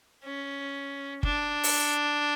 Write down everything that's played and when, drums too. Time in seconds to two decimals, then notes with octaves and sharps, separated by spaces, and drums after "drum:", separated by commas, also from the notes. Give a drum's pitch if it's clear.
0.24 C#4
1.23 D4, drum: kick
1.63 drum: open hi-hat